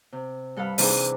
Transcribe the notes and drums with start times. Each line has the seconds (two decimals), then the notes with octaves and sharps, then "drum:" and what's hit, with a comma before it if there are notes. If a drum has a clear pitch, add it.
0.12 C3
0.56 G2 A4 F5 F#5 B5 F6
0.78 C3 E3 D4 D#4 G#4 B4, drum: open hi-hat